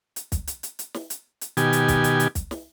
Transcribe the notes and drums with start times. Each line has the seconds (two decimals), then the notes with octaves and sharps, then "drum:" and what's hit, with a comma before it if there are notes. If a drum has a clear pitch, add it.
0.16 drum: hi-hat
0.32 drum: kick, hi-hat
0.47 drum: hi-hat
0.63 drum: hi-hat
0.79 drum: hi-hat
0.94 drum: snare
1.10 drum: hi-hat
1.41 drum: hi-hat
1.57 B2 D#3 G4 G#5, drum: hi-hat
1.73 drum: hi-hat
1.88 drum: kick, hi-hat
2.04 drum: hi-hat
2.20 drum: hi-hat
2.35 drum: kick, hi-hat
2.51 drum: snare